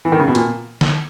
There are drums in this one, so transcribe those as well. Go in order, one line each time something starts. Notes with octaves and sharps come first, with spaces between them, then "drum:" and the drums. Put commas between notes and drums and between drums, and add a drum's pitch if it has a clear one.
E3
D#3
C#3
B2
A#2, drum: hi-hat
drum: snare